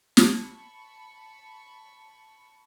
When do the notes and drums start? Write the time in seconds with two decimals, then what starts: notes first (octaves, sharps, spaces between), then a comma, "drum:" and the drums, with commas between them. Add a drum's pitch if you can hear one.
0.17 A5 B5 C#6, drum: snare